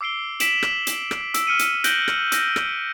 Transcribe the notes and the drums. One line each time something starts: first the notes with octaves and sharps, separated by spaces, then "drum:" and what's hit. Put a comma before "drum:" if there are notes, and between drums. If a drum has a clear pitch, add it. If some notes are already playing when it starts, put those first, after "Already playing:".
D6 E6 C7 D7 G7
B6 D7 E7 F#7, drum: hi-hat
drum: rim click
drum: hi-hat
drum: rim click
E6 D7, drum: hi-hat
F6 C#7 D#7
drum: hi-hat
F#6 G6 A#6 D7 F#7 G7, drum: hi-hat
drum: rim click
E6 A#6, drum: hi-hat
drum: rim click